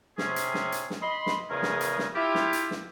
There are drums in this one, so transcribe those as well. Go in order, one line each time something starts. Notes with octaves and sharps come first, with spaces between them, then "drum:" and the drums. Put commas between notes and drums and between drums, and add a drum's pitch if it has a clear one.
C3 C#4 G#4, drum: snare
drum: hi-hat
drum: snare
drum: hi-hat
drum: snare
D#5 B5 C6
drum: snare
E2 C#3 F3 A3 G#4 A#4
drum: snare
drum: hi-hat
drum: snare
E4 F4 G4
drum: snare
drum: hi-hat
drum: snare